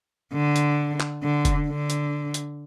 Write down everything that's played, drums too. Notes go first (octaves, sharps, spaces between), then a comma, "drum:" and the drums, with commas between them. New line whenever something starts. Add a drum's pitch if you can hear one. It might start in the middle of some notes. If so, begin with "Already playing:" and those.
D3
drum: hi-hat
drum: clap
D3
drum: kick F1, hi-hat
D3
drum: hi-hat
drum: hi-hat